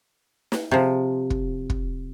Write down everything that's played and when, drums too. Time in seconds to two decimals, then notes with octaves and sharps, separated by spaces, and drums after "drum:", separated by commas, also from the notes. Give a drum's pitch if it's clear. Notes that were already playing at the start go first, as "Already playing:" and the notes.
0.52 drum: snare
0.71 C3 F3
1.30 drum: kick
1.70 drum: kick